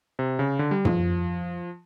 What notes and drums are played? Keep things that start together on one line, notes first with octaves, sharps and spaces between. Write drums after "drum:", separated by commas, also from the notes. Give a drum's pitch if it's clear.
C3
C#3
D3
G3
F3, drum: tom